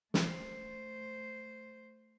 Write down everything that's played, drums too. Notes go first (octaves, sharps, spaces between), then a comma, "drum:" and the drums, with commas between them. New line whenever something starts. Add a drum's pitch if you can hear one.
A3 C5, drum: snare